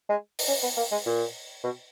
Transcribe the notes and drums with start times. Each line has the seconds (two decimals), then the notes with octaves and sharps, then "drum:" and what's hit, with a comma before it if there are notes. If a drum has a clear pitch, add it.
0.10 G#3
0.39 drum: open hi-hat
0.48 C#4
0.63 B3
0.77 A#3
0.91 G#3
1.06 A#2
1.64 B2